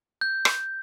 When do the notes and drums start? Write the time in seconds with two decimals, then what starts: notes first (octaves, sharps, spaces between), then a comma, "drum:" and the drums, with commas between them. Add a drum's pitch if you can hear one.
0.21 G6
0.45 drum: rim click